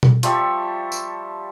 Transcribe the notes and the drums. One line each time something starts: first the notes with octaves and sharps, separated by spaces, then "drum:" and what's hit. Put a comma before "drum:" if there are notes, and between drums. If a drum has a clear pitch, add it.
drum: tom B2
F3 G3 E5 C#6, drum: hi-hat
drum: tambourine